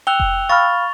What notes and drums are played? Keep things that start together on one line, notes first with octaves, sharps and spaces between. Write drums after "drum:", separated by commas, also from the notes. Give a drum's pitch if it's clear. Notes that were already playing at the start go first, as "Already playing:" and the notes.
G5 E6 F#6 F7 G7
drum: kick F1
F5 B5 C#6 F6 A6